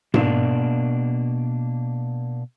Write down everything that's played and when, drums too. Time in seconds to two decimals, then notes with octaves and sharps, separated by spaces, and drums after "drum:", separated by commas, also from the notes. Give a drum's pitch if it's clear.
0.14 B2 A#3 D4, drum: tom G#2